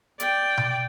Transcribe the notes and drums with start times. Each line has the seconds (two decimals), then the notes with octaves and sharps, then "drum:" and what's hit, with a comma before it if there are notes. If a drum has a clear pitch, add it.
0.20 D5 G5, drum: hi-hat
0.57 drum: tom B2